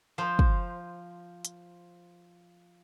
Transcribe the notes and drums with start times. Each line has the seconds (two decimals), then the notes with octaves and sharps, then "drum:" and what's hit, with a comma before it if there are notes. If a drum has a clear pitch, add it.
0.18 F3 C5
0.39 drum: kick
1.45 drum: hi-hat